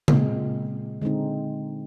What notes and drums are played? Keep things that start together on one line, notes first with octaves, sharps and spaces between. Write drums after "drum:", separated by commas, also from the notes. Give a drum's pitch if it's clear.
A#2 G#3 C4, drum: tom C#3
D3 G#3 C4 D#4